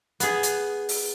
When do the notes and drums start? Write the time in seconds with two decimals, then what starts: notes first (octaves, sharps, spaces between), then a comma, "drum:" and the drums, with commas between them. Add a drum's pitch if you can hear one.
0.20 B3 G#4, drum: hi-hat
0.43 drum: hi-hat
0.89 drum: open hi-hat